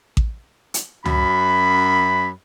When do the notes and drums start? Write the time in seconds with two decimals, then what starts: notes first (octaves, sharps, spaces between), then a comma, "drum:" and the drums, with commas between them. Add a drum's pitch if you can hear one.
0.17 drum: kick A1
0.74 drum: hi-hat
1.05 F#2 B5, drum: tom